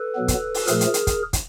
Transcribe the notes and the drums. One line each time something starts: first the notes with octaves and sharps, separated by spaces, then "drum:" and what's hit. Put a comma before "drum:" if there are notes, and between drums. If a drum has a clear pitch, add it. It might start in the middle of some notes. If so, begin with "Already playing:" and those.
Already playing: A4 B4
B2 F#3 B3
drum: kick, hi-hat
drum: open hi-hat
A#2 F3 A3 G#4 A#4, drum: hi-hat
drum: hi-hat
drum: hi-hat
drum: kick, hi-hat
drum: kick, hi-hat